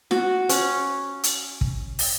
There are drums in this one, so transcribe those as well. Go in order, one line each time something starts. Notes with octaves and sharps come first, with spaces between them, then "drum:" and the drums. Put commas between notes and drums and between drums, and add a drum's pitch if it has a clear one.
F#4, drum: snare
C#4, drum: hi-hat
drum: hi-hat
drum: kick
drum: open hi-hat